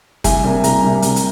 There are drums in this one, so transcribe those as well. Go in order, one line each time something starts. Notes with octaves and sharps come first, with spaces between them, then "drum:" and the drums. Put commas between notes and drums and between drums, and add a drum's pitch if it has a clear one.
C2 G#5, drum: kick, hi-hat
C3 G3 A#3
C2 A#5, drum: hi-hat
C3 G3 A#3
C2, drum: hi-hat
drum: hi-hat